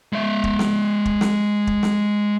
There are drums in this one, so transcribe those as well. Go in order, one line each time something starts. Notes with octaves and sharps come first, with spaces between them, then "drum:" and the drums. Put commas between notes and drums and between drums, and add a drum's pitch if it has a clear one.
G#3 E5
drum: kick
drum: snare
drum: kick
drum: snare
drum: kick
drum: snare